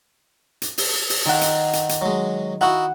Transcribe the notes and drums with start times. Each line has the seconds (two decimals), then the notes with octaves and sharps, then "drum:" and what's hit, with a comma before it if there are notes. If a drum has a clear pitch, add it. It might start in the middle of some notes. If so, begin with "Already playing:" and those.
0.62 drum: hi-hat
0.78 drum: open hi-hat
1.09 drum: open hi-hat
1.25 D#3 F#5
1.41 drum: hi-hat
1.73 drum: hi-hat
1.89 drum: hi-hat
2.01 F#3 G#3
2.61 D#4 E4 F#4 F#5